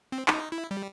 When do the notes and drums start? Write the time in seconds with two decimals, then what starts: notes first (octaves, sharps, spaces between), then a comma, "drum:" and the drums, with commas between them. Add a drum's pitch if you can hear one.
0.12 C4
0.28 D#4, drum: clap
0.52 E4
0.71 G3